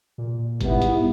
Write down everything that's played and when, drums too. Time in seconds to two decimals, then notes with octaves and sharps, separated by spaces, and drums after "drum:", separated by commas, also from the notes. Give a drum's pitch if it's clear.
0.18 A#2
0.61 G#2 G3 B3 E4, drum: kick G1, hi-hat
0.82 drum: hi-hat